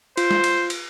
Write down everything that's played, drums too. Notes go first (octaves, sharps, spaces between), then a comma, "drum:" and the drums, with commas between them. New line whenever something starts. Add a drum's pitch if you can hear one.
F4 C5, drum: cymbal
drum: snare
drum: cymbal
drum: cymbal